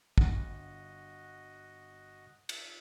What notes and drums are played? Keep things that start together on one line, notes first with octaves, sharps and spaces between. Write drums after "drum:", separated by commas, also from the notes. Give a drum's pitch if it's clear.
G1 F#4 D#5 F#5, drum: kick
drum: cymbal